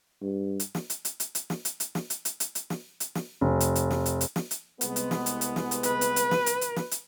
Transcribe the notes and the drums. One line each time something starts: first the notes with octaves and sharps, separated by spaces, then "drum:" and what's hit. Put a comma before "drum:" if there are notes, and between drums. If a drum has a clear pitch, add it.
G2
drum: hi-hat
drum: snare
drum: hi-hat
drum: hi-hat
drum: hi-hat
drum: hi-hat
drum: snare
drum: hi-hat
drum: hi-hat
drum: snare
drum: hi-hat
drum: hi-hat
drum: hi-hat
drum: hi-hat
drum: snare
drum: hi-hat
drum: snare
F1
drum: hi-hat
drum: hi-hat
drum: snare
drum: hi-hat
drum: hi-hat
drum: snare
drum: hi-hat
C2 G#3 B3, drum: hi-hat
drum: hi-hat
drum: snare
drum: hi-hat
drum: hi-hat
drum: snare
drum: hi-hat
B4, drum: hi-hat
drum: hi-hat
drum: hi-hat
drum: snare
drum: hi-hat
drum: hi-hat
drum: snare
drum: hi-hat